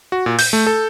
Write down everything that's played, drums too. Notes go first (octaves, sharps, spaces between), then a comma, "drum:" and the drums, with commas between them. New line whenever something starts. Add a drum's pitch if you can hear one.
F#4
A#2
G6, drum: open hi-hat
A3
A4